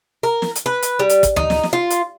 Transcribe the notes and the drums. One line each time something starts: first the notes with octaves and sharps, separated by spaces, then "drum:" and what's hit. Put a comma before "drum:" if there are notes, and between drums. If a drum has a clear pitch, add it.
A#4
drum: snare
drum: hi-hat
B4
drum: hi-hat
G3
drum: hi-hat
drum: kick, hi-hat
D#4, drum: tom D2
drum: snare
drum: snare
F4
drum: hi-hat